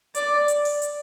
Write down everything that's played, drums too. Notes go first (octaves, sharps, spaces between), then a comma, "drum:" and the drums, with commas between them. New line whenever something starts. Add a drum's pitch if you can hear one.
D5, drum: hi-hat
drum: hi-hat
drum: open hi-hat
drum: hi-hat